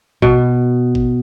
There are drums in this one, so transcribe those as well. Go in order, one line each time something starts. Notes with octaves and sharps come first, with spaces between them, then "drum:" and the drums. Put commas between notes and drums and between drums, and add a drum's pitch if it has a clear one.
B2, drum: kick A1
drum: kick A1